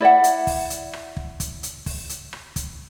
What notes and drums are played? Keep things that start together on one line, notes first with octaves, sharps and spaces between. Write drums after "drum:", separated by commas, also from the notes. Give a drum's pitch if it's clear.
E4 D5 E5 F#5
drum: hi-hat
drum: kick, open hi-hat
drum: hi-hat
drum: rim click
drum: kick
drum: kick, hi-hat
drum: hi-hat
drum: kick, open hi-hat
drum: hi-hat
drum: rim click
drum: kick, hi-hat